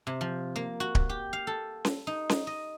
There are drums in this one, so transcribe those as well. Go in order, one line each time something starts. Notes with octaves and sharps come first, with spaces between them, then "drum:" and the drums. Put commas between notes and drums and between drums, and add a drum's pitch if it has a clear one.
C3
F3
A#3
F#4
drum: kick D1
G4
F5
A4
drum: snare C#4
D#4
drum: snare C#4
D#5